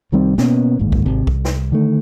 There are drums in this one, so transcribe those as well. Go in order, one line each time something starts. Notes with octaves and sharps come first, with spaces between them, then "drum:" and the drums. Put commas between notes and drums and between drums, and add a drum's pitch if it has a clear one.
C2 D#3 G3 C4
B2 A#3 B3 C#4, drum: snare
D1 G1 D#2 G#2
drum: kick
G#1 C3
C2, drum: kick
drum: snare
D3 D#3 A3